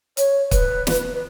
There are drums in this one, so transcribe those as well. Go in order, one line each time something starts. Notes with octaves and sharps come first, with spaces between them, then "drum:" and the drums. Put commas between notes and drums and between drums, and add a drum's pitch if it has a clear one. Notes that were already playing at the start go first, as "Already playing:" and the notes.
C#5, drum: hi-hat
B4, drum: kick, hi-hat
drum: snare
B4